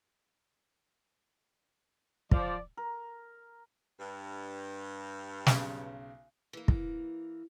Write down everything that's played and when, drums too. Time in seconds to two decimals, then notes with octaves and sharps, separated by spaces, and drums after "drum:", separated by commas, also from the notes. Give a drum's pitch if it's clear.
2.31 F3 D5, drum: kick
2.77 A#4
4.00 G2
5.46 B1 C#3, drum: snare
6.53 E3 A#3
6.68 drum: kick